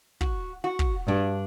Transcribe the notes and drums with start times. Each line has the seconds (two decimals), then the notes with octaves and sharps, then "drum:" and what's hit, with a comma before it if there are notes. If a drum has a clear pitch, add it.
0.21 F#4, drum: kick
0.64 F#4
0.79 drum: kick
1.08 G2 D4